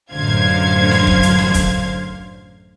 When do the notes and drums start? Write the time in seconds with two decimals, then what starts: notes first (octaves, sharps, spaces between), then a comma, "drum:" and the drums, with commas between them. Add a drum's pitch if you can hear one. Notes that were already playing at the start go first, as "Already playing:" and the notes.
0.13 A1 F#2 D3 C5 F5 G#6
0.91 drum: snare
1.07 drum: kick
1.23 drum: hi-hat
1.39 drum: snare
1.54 drum: kick, hi-hat